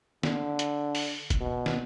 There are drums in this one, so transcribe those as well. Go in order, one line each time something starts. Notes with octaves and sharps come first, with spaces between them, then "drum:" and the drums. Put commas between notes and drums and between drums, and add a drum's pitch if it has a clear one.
D3, drum: snare
drum: hi-hat
drum: open hi-hat
drum: kick, hi-hat
B2
drum: snare